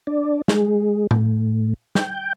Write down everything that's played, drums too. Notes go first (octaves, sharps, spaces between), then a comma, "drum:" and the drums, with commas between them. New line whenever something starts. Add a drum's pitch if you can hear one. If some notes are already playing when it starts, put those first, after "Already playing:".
D4
G#3, drum: snare
A2, drum: tom A2
G5, drum: snare